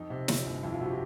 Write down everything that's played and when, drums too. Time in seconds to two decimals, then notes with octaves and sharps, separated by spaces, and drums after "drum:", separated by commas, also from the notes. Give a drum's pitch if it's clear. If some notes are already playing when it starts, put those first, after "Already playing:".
Already playing: F2 D#4
0.10 C3
0.28 F3, drum: snare
0.45 G1
0.63 F2 E4
0.72 F4
0.81 C3 F#4
0.90 G4